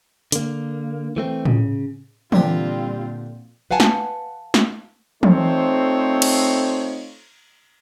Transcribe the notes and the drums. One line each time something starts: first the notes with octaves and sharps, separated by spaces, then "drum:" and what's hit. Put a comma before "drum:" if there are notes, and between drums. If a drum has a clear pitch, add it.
D3 A#3, drum: hi-hat
E3 A3 C4
C#3, drum: tom A2
A#2 D3 G3 C4 F4 G4, drum: tom E3
B4 F5 F#5 G#5 A5
drum: snare
drum: snare
A3 C4 D#4 F4 C5 C#5, drum: tom E3
drum: cymbal